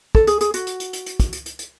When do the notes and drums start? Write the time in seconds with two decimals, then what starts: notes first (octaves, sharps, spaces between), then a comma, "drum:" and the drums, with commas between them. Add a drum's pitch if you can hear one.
0.15 A4, drum: kick
0.27 G#4, drum: hi-hat
0.41 G#4, drum: hi-hat
0.54 F#4, drum: hi-hat
0.67 drum: hi-hat
0.80 drum: hi-hat
0.93 drum: hi-hat
1.06 drum: hi-hat
1.20 drum: kick, hi-hat
1.33 drum: hi-hat
1.46 drum: hi-hat
1.59 drum: hi-hat